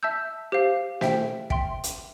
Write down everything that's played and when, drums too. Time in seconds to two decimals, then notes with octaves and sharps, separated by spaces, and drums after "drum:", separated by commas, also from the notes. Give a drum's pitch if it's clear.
0.03 E5 A5 E6 G6
0.52 G4 C5 F5
1.01 C5 E5 G5, drum: snare
1.50 E5 G5 C6, drum: kick
1.84 drum: hi-hat